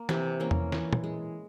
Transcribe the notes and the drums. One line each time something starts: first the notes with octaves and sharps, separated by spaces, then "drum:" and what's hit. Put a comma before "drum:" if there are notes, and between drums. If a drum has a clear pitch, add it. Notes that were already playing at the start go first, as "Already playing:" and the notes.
Already playing: A#3
C3 E3 E4, drum: snare
E3 A#3 C#4
drum: tom E2
E3, drum: snare
drum: tom
G#3